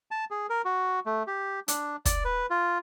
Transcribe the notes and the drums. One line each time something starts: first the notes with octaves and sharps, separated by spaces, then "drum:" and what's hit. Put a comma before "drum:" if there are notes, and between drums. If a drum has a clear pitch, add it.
A5
G#4
A#4
F#4
A3
G4
D4, drum: hi-hat
D5, drum: kick, hi-hat
B4
F4